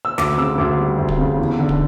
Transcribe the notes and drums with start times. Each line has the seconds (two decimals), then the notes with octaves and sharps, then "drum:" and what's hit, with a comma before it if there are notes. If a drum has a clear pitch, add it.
0.05 E6
0.18 D2 D6, drum: snare
0.38 C#3 E6
0.58 D2 D6
0.79 G3
0.98 D2
1.09 drum: kick
1.18 C#3
1.39 E2
1.59 D3
1.69 drum: kick